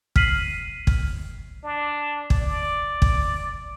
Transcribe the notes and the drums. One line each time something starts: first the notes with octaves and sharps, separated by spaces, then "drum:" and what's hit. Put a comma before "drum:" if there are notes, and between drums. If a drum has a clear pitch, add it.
F6 B6 C7 D#7 F#7, drum: kick
drum: kick
D4
drum: kick
D5
drum: kick